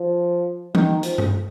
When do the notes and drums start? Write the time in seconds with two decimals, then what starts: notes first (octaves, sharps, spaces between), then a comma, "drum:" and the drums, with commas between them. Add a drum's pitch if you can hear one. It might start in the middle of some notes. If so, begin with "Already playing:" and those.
Already playing: F3
0.75 D#3, drum: tom
1.03 F3, drum: hi-hat
1.18 drum: tom G2